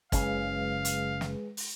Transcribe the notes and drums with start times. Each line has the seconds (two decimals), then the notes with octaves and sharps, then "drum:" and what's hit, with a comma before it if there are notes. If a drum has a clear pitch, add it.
0.12 F#1 C#3 G#3 G#4 B4 F5, drum: kick, hi-hat
0.85 drum: hi-hat
1.21 drum: snare
1.57 drum: open hi-hat